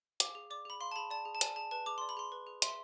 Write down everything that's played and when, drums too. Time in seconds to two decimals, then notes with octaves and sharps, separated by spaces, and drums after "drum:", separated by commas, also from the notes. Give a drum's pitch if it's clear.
0.20 F5 D6, drum: hi-hat
0.35 G#4
0.50 D5 D6
0.65 G#4 B5
0.81 F5 C6
0.91 A5
0.96 G#4 B5
1.11 D5 A5
1.25 G#4
1.35 A5
1.41 D5 G#5, drum: hi-hat
1.56 G#4 A5
1.71 B4 A5
1.86 G#4 D6
1.98 D5 C6
2.09 B5
2.17 G#4 C6
2.32 B4
2.47 G#4
2.62 E5 C6, drum: hi-hat